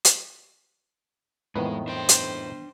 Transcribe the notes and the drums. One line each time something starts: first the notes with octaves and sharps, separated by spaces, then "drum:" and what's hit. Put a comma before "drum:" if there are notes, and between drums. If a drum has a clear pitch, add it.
drum: hi-hat
F2 A2 D#3 E3 G#3 B3 B4
D4 C5 G5
drum: hi-hat